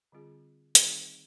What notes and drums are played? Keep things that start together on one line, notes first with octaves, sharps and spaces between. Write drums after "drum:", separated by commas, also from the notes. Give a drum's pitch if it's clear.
D3 G3 C4 F4 G#4
D#3 G3 C4 D#4 G#4, drum: hi-hat